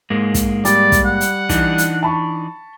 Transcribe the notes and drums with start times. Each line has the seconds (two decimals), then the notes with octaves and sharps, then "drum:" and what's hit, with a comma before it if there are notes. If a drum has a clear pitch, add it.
0.10 G#2 G#3 A#3
0.34 drum: kick, hi-hat
0.65 G3 D5, drum: hi-hat
0.92 drum: kick, hi-hat
1.05 F#5
1.21 drum: hi-hat
1.49 E3 D4 D#4, drum: kick, hi-hat
1.78 drum: hi-hat
2.03 A5 B5 C#6